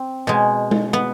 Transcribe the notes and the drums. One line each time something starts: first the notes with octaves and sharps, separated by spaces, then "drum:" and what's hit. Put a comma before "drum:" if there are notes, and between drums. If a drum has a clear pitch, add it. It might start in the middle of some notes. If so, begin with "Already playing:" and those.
Already playing: C4
B2 G#3
drum: tom G#3
B3